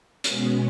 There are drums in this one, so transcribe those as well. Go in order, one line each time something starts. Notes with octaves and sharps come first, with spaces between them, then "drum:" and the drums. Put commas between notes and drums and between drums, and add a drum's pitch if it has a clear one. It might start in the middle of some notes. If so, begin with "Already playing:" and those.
B2 G#3 B3 C#4, drum: hi-hat